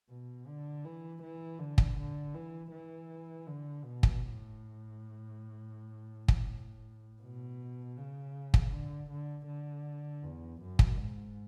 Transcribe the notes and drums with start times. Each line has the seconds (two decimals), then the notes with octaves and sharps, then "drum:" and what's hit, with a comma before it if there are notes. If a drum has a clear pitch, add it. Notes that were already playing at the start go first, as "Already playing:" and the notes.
0.09 B2
0.47 D3
0.84 E3
1.22 E3
1.59 D3
1.78 drum: kick
1.96 D3
2.34 E3
2.71 E3
3.47 D3
3.84 B2
4.03 drum: kick
4.22 A2
6.28 drum: kick
7.22 B2
7.97 C#3
8.54 drum: kick
8.73 D3
9.10 D3
9.47 D3
10.23 E2
10.61 F#2
10.79 drum: kick
10.98 G#2